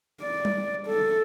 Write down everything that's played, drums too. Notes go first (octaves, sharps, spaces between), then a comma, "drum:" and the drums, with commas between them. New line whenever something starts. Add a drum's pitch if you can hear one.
D5
drum: tom G3
A4